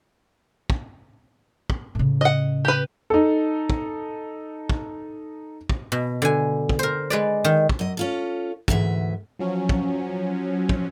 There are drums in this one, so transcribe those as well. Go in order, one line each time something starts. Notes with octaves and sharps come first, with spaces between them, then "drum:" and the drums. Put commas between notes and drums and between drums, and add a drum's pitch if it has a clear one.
drum: kick
drum: kick
A2 C#3
D#5 F#5
G4 B4
D#4 A4
drum: kick
drum: kick
drum: kick
B2
D3 G#5
drum: kick
A#4 C5
G#3 B4 D5
D#3
drum: kick
F#2 D#5
C#4 F4 A4
D2 G#2 E3 E5, drum: kick
F3 F#3 C#4
drum: kick
drum: kick